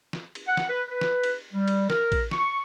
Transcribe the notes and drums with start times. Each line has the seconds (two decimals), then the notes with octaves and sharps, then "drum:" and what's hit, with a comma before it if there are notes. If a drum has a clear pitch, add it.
0.13 drum: snare
0.35 drum: cymbal
0.47 F#5
0.57 drum: snare
0.68 B4
0.87 B4
1.01 drum: snare
1.23 drum: cymbal
1.53 G3
1.68 drum: cymbal
1.90 A#4, drum: snare
2.12 drum: kick A1, cymbal
2.31 C#6, drum: snare